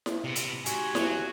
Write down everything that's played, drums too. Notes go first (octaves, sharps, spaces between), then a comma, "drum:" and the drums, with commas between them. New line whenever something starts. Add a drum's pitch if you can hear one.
drum: snare E4
C3 B3
drum: hi-hat
G#2 F#4 G4 G#5, drum: hi-hat
F#3, drum: snare E4